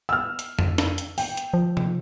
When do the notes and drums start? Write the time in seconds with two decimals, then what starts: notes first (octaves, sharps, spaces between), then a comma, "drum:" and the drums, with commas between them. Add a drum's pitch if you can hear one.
0.09 E6 F6
0.39 drum: hi-hat
0.59 drum: tom F2
0.78 drum: snare
0.98 drum: hi-hat
1.18 G5, drum: open hi-hat
1.37 drum: hi-hat
1.54 F3
1.77 drum: tom C3